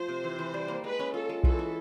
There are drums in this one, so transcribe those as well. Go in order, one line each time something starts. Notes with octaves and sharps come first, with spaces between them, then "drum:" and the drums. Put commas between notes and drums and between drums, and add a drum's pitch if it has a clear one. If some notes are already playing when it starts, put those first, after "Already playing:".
Already playing: F3 A3 C5
C3
E3
E3
G3
A#3
G#3 B4
C#4
F4 A4
G#3
E3 A4, drum: kick B1
E4